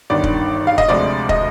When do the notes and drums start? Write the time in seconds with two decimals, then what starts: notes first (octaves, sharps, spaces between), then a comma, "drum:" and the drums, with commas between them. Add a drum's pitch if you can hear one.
0.10 G1 G2 D#3 D5
0.24 drum: kick
0.67 F5
0.78 D#5, drum: kick
0.89 D2 C3 F3 G#3 D5
1.29 D#5, drum: kick